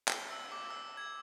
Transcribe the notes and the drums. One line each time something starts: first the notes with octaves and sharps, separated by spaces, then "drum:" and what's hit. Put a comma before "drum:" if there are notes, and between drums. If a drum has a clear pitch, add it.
G7, drum: clap
E6
D6
E6
G#6